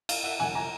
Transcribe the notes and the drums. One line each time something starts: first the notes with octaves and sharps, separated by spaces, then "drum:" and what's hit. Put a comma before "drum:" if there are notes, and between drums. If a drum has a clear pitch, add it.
F5, drum: cymbal
E5 F#5
G1 F2 C3 F#5 G#5
G#5 A#5